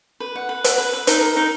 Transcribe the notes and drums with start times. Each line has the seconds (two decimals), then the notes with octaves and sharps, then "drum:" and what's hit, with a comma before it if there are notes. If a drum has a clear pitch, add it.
0.20 B4
0.36 F#5
0.49 B4
0.64 F#5, drum: hi-hat
0.78 B4
0.93 B4
1.07 D#4, drum: hi-hat
1.21 A#4
1.36 D#4